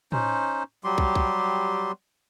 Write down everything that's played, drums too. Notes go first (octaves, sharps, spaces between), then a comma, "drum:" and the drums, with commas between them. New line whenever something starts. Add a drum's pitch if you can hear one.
C#4 D#4 C5, drum: tom A2
F#3 G3 G4 C6
drum: kick
drum: kick